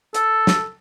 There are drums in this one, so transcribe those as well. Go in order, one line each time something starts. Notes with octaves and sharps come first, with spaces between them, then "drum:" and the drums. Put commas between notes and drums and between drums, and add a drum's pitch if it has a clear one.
A4, drum: hi-hat
drum: snare